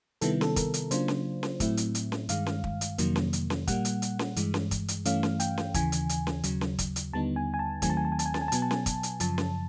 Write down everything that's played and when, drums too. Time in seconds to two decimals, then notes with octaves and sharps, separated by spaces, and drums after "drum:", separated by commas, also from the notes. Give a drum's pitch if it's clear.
0.21 C3 D#3 G3 B3 E4 A4, drum: hi-hat
0.41 A4, drum: snare C#4
0.56 A#4, drum: kick, hi-hat
0.74 drum: hi-hat
0.91 C#3 F#3 A#3 D4 F4 C5, drum: hi-hat
1.08 drum: snare C#4
1.43 drum: snare C#4
1.60 A2 F#3 A3 C4 E4, drum: kick, hi-hat
1.77 drum: hi-hat
1.95 drum: hi-hat
2.12 drum: snare C#4
2.29 G2 D#3 G#3 F5, drum: hi-hat
2.46 drum: snare C#4
2.64 drum: kick
2.81 drum: hi-hat
2.98 F2 C3 D#3 F#3 A#3, drum: hi-hat
3.16 drum: snare C#4
3.33 drum: hi-hat
3.50 drum: snare C#4
3.67 A#2 G3 A#3 F#5, drum: kick, hi-hat
3.85 drum: hi-hat
4.02 drum: hi-hat
4.19 drum: snare C#4
4.36 G2 E3 G#3, drum: hi-hat
4.54 drum: snare C#4
4.71 drum: kick, hi-hat
4.88 drum: hi-hat
5.05 G2 E3 A3 C#4 F5, drum: hi-hat
5.23 drum: snare C#4
5.40 G5, drum: hi-hat
5.58 drum: snare C#4
5.74 D#2 C#3 E3 G#5, drum: kick, hi-hat
5.92 drum: hi-hat
6.09 drum: hi-hat
6.27 drum: snare C#4
6.43 D#2 C#3 F#3, drum: hi-hat
6.61 drum: snare C#4
6.79 drum: kick, hi-hat
6.96 drum: hi-hat
7.13 D#2 D3 G3 B3 D#4 A5
7.36 G#5
7.54 G#5
7.59 A5
7.82 D#2 D#3 F#3 A3 C4 G#5, drum: kick, hi-hat
7.90 A5
7.97 G#5
8.05 A5
8.12 G#5
8.19 A5, drum: hi-hat
8.26 G#5
8.34 A5, drum: snare C#4
8.41 G#5
8.48 A5
8.52 B2 F#3 B3 G#5, drum: hi-hat
8.62 A5
8.71 G#5, drum: snare C#4
8.86 drum: kick, hi-hat
9.03 drum: hi-hat
9.20 F#2 C#3 F3 A5, drum: hi-hat
9.38 drum: snare C#4